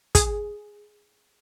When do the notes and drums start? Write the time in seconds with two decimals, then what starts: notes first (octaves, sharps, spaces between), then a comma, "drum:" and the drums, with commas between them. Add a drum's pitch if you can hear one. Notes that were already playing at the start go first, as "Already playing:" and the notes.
0.15 G#4, drum: kick, hi-hat